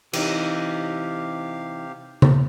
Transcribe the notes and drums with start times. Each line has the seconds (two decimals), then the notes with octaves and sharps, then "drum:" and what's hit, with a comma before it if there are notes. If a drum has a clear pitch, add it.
0.13 C3 E3 D#4 G4 F5, drum: cymbal
2.22 drum: tom C#3